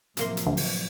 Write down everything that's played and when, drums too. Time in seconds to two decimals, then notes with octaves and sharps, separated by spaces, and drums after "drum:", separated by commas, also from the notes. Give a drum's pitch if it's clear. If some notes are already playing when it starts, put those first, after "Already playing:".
0.17 A2 C3 F3 F#3 A#3 C6, drum: hi-hat
0.37 drum: hi-hat
0.46 D2
0.57 drum: open hi-hat